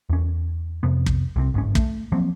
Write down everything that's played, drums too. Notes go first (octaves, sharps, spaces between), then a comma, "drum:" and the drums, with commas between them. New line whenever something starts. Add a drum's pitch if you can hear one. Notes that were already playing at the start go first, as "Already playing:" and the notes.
E2 C#4
F2 C3 B3
drum: kick
C2 C3 C4
G1 G#2 C#4
A3, drum: kick
F3 F#3 A#3 C4